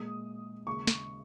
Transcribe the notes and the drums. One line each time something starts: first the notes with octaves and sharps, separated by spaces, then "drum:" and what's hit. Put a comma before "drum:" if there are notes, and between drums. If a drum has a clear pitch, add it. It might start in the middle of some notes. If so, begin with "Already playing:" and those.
Already playing: A#2 G#3 D#6
D#2 C#3 G#3 C#6
drum: snare